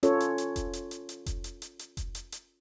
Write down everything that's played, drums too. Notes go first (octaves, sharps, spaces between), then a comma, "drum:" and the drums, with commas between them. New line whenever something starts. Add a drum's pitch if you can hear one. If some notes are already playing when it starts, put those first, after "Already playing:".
C#4 F4 A4 C#5, drum: hi-hat
drum: hi-hat
drum: hi-hat
drum: kick F1, hi-hat
drum: hi-hat
drum: hi-hat
drum: hi-hat
drum: kick F1, hi-hat
drum: hi-hat
drum: hi-hat
drum: hi-hat
drum: kick F1, hi-hat
drum: hi-hat
drum: hi-hat